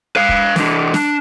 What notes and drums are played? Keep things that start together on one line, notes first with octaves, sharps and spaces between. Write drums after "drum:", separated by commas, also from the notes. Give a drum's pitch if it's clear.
B4 F5
drum: kick
E3 D4, drum: snare
D4, drum: snare